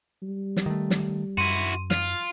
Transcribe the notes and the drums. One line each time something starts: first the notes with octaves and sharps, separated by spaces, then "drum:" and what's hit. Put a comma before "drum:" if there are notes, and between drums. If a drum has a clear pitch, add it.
G3
drum: snare
D#3 A3
drum: snare
F#2 E4 F#4 C6 D#7
F4 F6, drum: snare